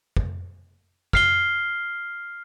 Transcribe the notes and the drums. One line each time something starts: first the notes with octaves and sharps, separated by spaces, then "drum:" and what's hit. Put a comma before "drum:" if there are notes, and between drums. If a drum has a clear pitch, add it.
drum: kick
F6 C7 G7, drum: kick